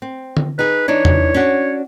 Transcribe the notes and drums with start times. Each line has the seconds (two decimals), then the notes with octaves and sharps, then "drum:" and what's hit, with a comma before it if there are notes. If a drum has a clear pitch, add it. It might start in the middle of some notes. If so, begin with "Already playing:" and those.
0.02 C4
0.37 drum: tom D3
0.59 D#4 G#4 B4
0.88 E3 D4 D#4 C#5
1.05 drum: tom
1.34 C#4 D4 F#4